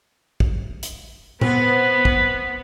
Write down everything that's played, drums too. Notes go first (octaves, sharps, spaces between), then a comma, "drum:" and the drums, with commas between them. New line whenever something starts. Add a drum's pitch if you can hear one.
drum: kick
drum: hi-hat
B3 C4 B4, drum: tom A#2
drum: kick